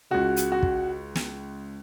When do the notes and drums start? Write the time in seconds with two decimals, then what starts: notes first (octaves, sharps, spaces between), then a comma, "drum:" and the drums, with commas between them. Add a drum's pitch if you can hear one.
0.10 C#2 C#3 F#4
0.36 drum: hi-hat
0.52 F#4
0.63 drum: kick
1.15 drum: snare